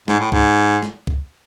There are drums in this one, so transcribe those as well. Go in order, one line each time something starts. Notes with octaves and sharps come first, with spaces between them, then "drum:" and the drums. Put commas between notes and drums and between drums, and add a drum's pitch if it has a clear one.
G#2, drum: snare
A2
G#2, drum: kick
drum: snare
drum: kick